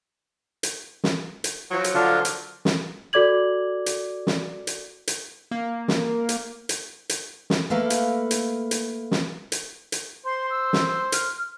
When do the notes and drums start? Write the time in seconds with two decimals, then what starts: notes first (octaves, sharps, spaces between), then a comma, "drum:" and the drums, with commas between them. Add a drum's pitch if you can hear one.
0.63 drum: hi-hat
1.04 drum: snare
1.44 drum: hi-hat
1.71 F3 F#3
1.84 drum: hi-hat
1.95 D3 D4 F4
2.25 drum: hi-hat
2.65 drum: snare
3.13 F#4 A4 D5 D6 G#6 F#7
3.86 drum: hi-hat
4.27 drum: snare
4.67 drum: hi-hat
5.07 drum: hi-hat
5.51 A#3
5.88 drum: snare
6.29 drum: hi-hat
6.69 drum: hi-hat
7.09 drum: hi-hat
7.50 drum: snare
7.70 A3 A#3 A4 B4 F5
7.90 drum: hi-hat
8.31 drum: hi-hat
8.71 drum: hi-hat
9.11 drum: snare
9.52 drum: hi-hat
9.92 drum: hi-hat
10.26 C5 C6
10.51 E6
10.73 drum: snare
11.12 F6, drum: hi-hat